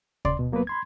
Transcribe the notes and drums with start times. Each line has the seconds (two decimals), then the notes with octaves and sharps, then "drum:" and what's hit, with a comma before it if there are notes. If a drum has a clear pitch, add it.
0.25 C#3 D5 C6, drum: kick
0.39 B2
0.52 F#3 A#3 B3 A#4 B4
0.67 B5 C6 G#6